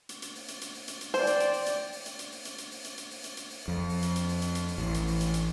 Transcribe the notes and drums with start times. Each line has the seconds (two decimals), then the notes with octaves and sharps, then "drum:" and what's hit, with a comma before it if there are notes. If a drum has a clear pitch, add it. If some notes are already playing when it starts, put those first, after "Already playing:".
0.09 drum: hi-hat
0.22 drum: hi-hat
0.35 drum: open hi-hat
0.48 drum: hi-hat
0.61 drum: hi-hat
0.75 drum: open hi-hat
0.88 drum: hi-hat
1.01 drum: hi-hat
1.14 C5 D5 G5, drum: open hi-hat
1.27 drum: hi-hat
1.40 drum: hi-hat
1.53 drum: open hi-hat
1.66 drum: hi-hat
1.93 drum: open hi-hat
2.06 drum: hi-hat
2.19 drum: hi-hat
2.32 drum: open hi-hat
2.45 drum: hi-hat
2.58 drum: hi-hat
2.71 drum: open hi-hat
2.84 drum: hi-hat
2.98 drum: hi-hat
3.11 drum: open hi-hat
3.24 drum: hi-hat
3.37 drum: hi-hat
3.50 drum: open hi-hat
3.68 F2
3.89 drum: open hi-hat
4.02 drum: hi-hat
4.16 drum: hi-hat
4.29 drum: open hi-hat
4.42 drum: hi-hat
4.55 drum: hi-hat
4.68 drum: open hi-hat
4.78 A1
4.94 drum: hi-hat
5.07 drum: open hi-hat
5.21 drum: hi-hat
5.34 drum: hi-hat